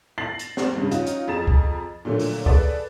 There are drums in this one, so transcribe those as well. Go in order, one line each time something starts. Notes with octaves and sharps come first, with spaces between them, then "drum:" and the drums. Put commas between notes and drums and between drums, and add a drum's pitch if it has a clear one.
A6 A#6 C7 F#7
drum: hi-hat
drum: snare
G2 C#3
C#4 D#4 F4 F#4, drum: hi-hat
drum: hi-hat
F2 G#4 A#5 A6 E7
drum: kick
A#2 D3 F#3 A3
drum: open hi-hat
G#4 A4 B4 D5, drum: kick